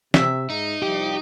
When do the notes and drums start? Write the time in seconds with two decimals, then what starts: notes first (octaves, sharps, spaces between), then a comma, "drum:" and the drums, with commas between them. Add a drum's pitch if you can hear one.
0.14 C3 E5, drum: snare
0.50 G#2 D#4
0.83 C2 F3 G3 G4